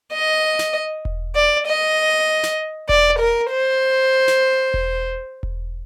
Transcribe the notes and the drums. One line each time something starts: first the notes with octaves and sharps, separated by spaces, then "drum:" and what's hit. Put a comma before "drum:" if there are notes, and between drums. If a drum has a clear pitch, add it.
D#5
drum: snare
drum: kick E1
D5
D#5
drum: snare
D5, drum: kick E1
A#4
C5
drum: snare
drum: kick E1
drum: kick E1